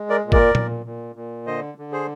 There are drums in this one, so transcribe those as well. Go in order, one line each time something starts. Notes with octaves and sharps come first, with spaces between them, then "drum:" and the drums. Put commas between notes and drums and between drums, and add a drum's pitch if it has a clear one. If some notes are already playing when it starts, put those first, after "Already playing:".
Already playing: G#3
A#4 D5
A#2
A#4 D5, drum: kick
A#2, drum: tom A#2
A#2
A#2
D3 C5 D#5
D3
G#4 C5